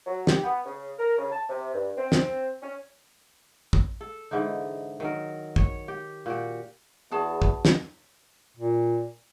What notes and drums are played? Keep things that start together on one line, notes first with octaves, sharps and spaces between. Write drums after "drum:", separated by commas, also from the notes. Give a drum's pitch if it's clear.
F#3
G4, drum: snare
B3
C#3
A#4
C#3
A5
C3
G2
C4
drum: snare
C#4
drum: kick
A4
G#2 D3 E3 D#4
D#3 F#3 A#4
C#5, drum: kick
G4
A#2 F#4 G4
E2 F#4 G#4 A5
drum: kick
drum: snare
A#2